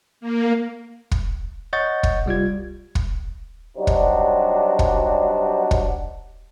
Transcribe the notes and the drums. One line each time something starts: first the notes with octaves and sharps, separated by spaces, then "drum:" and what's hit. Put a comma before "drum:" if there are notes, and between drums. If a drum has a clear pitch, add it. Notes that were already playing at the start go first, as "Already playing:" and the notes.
A#3
drum: kick
C#5 D#5 F#5 C#6 G6 A6
drum: kick
C2 G3 F4 G#6
drum: kick
C3 F#3 G3 D4 D#4 F#4
drum: kick
drum: kick
drum: kick